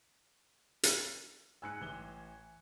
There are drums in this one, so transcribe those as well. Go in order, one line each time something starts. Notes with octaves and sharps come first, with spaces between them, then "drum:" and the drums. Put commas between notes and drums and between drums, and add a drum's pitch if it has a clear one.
drum: hi-hat
G#2 G#5 E6 F#6 C#7
A1 E3 G7